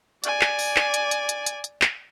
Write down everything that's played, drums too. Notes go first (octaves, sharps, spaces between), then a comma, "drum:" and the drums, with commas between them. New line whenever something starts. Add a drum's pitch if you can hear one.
D5 G#5, drum: hi-hat
drum: clap
drum: open hi-hat
drum: clap
drum: hi-hat
drum: hi-hat
drum: hi-hat
drum: hi-hat
drum: hi-hat
drum: clap